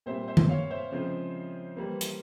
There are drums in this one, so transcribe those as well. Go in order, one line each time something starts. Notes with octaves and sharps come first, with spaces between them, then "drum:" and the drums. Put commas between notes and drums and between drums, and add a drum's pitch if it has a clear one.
A#2 G3 C4 C5 E5
C5 E5
drum: tom D#3
C#5 F5
C5 E5
C#3 F3 G#3 C4
E3 G3 A#3
drum: hi-hat